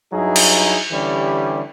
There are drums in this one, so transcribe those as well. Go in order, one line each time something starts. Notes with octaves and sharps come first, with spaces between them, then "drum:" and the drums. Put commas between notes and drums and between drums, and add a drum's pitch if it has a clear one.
G2 F#3 D#4 E4 G#4
drum: cymbal
D3 E3 G3 C#4 G4